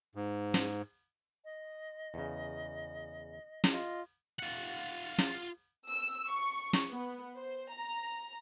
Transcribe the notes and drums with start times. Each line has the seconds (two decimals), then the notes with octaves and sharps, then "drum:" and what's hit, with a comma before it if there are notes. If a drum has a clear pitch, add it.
0.15 G#2
0.54 drum: snare
1.45 D#5
2.14 E2 C#3
3.64 drum: snare
3.73 F4 D#5
4.39 F4 F#5
5.18 drum: snare
5.89 E6
6.29 C#6
6.73 drum: snare
6.91 B3
7.36 C5
7.74 A#5